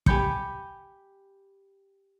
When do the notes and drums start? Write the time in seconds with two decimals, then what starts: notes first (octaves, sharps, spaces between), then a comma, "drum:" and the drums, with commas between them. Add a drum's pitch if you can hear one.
0.06 G4 G#5 B5 G6 C#7, drum: kick